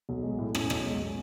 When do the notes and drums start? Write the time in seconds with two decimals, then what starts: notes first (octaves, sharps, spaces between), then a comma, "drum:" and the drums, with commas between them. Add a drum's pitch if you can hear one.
0.09 B1
0.23 G#3
0.39 A2
0.55 C#4, drum: rim click
0.70 B1, drum: rim click
0.86 G#3
1.01 B2